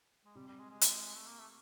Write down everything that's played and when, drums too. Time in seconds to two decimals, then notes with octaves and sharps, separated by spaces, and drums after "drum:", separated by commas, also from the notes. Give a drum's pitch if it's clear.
0.25 G#3
0.35 C3 G3
0.48 G3
0.59 G#3
0.70 G#3
0.81 drum: hi-hat
1.05 G#3
1.15 A3
1.27 A#3
1.39 A3